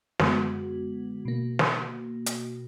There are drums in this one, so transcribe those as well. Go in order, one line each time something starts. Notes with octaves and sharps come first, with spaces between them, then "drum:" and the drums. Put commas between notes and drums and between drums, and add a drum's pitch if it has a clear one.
F#2 D3 G#3 B3 F#4, drum: snare
B2 A#3
drum: snare
drum: hi-hat